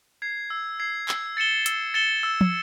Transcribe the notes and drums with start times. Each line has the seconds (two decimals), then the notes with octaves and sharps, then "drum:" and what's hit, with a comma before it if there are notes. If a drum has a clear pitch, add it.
0.22 G#6 C7
0.50 E6
0.80 G#6 C7
1.09 E6, drum: clap
1.37 A6 C#7 E7 G7
1.66 E6, drum: hi-hat
1.94 A6 C#7 E7 G7
2.23 E6
2.41 drum: tom